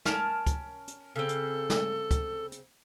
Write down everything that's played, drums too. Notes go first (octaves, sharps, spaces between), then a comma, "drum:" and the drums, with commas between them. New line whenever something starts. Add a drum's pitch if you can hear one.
C#4 A#4 A5, drum: snare
drum: kick C#2, hi-hat
drum: hi-hat
C#3 C4 A4
drum: hi-hat
drum: snare
drum: kick C#2, hi-hat
drum: hi-hat